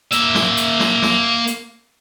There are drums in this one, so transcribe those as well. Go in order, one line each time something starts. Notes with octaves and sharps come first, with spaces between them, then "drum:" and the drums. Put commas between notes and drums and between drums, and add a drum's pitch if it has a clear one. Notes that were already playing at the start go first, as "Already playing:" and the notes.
A#3 E5, drum: hi-hat
drum: snare
drum: hi-hat
drum: snare
drum: snare
drum: hi-hat